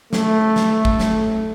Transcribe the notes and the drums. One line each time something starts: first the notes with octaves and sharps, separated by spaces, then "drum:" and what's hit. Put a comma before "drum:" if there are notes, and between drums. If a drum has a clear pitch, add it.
A3, drum: snare
drum: snare
drum: kick
drum: snare